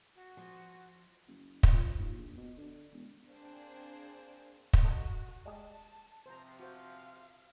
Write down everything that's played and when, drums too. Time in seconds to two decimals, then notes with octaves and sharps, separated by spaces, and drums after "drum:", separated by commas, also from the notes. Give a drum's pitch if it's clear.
0.16 F#4
0.37 F3
1.28 F#1
1.63 drum: kick
1.73 F3
1.99 D#2
2.17 A#1
2.37 B2
2.57 D3
2.93 E1
3.28 A#3 C4 D4 G#4 C5
4.73 drum: kick
4.84 F#4 A4 D#5
5.45 G3 G#3 A5
6.26 C3 F3 C5 A#5
6.60 F#4 C5 F5